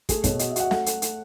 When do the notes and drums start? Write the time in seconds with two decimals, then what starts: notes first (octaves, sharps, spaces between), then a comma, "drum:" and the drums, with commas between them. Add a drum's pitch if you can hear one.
0.09 A3 G#4, drum: kick, hi-hat
0.24 B2 C#5, drum: kick, hi-hat
0.39 F#4 D#5, drum: hi-hat
0.50 E5
0.56 F#4 F#5, drum: hi-hat
0.71 A3 F#5, drum: snare
0.86 A3, drum: hi-hat
1.02 A3, drum: hi-hat